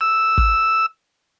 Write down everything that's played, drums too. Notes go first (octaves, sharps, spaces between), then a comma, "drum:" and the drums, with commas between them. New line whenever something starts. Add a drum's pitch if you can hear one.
E6
drum: kick